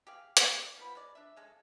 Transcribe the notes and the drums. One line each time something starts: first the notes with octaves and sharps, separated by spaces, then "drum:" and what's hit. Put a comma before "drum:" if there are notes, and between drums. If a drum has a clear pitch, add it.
G4 G#4 F5
D#3, drum: hi-hat
F3 B3 B5
G#3 D5
D4 E5
C#3 G#3 A4